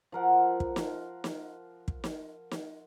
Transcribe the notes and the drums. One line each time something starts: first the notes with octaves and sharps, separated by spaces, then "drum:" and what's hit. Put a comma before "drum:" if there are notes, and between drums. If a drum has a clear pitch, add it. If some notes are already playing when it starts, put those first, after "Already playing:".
F3 A#4 F#5
drum: kick
drum: snare
drum: snare
drum: kick
drum: snare
drum: snare